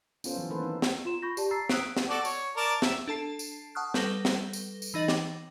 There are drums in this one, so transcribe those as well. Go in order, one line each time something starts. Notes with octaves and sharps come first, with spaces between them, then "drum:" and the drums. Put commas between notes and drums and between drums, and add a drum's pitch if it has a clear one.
B3 C#4 F4 A4 C5, drum: tambourine
E3 F#3
D#3 A#3 A4 B4 C5
C4 D#4
drum: snare
F4 C6 E7
B5 C#6 G6 A#6
G4 D5 A5, drum: tambourine
A#5 E6 A6 C7
D#6 E6 F#6 B6 D7, drum: snare
drum: snare
F#4 A4 D5
C#5, drum: tambourine
A#4 D5 A5
E5, drum: snare
D4 A4 A5 C7
drum: tambourine
F#5 A5 C#6 D#6 F6 F#6
G3 A4 B4 A#6 G7, drum: snare
drum: snare
drum: tambourine
drum: tambourine
E3 D#4 D#5 A6 F#7
G5 D6, drum: snare